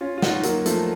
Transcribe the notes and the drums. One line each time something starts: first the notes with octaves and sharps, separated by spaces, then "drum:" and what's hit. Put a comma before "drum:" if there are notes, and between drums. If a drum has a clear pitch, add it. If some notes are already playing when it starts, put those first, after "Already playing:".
C#4 F4
F4
D#4 F#4, drum: snare
F#3 A#3, drum: hi-hat
F3 A3, drum: hi-hat